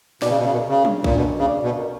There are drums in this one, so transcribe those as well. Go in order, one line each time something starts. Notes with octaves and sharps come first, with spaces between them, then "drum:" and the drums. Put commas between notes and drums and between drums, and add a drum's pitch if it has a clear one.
B2 D5, drum: snare
C#3
B2
C#3
B2 A#4
C#3
D4, drum: tom
A#2, drum: kick
B2 D4
C#3
D5
B2
A#4